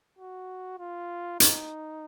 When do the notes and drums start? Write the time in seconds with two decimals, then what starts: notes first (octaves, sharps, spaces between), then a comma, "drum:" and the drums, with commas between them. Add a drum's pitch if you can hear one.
0.19 F#4
0.79 F4
1.40 D#4, drum: hi-hat